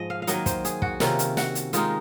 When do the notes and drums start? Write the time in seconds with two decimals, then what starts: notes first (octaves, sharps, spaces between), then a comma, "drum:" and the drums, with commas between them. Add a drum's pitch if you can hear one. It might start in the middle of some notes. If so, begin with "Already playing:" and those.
Already playing: G#2 F3 G#3 D#5
0.10 F5
0.22 F5
0.27 D#3 F#3 A#3 D#5, drum: hi-hat
0.46 C5, drum: kick, hi-hat
0.65 G#4, drum: hi-hat
0.82 F#4, drum: kick
1.00 C3 D#3 A#3 C#4 F4, drum: snare
1.19 drum: hi-hat
1.37 F#4, drum: snare
1.55 drum: hi-hat
1.73 D#3 G#3 D#4 F4, drum: hi-hat